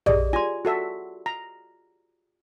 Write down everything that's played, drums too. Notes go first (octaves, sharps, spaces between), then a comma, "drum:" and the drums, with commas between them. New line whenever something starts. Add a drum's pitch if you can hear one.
G4 G#4 D5 D#5, drum: tom A#1
F4 G#5 C6
F#4 A4 E5
A#5